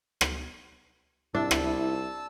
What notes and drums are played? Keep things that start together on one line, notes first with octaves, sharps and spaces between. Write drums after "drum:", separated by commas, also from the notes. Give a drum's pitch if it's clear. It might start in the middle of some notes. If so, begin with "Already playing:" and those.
drum: rim click
C2 D4 E4 A5 E6
drum: rim click